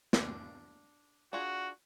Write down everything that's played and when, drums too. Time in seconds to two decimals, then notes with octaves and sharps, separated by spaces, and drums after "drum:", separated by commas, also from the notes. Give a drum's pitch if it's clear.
0.13 D4 D5, drum: snare
1.33 D4 F4 F#4 G#4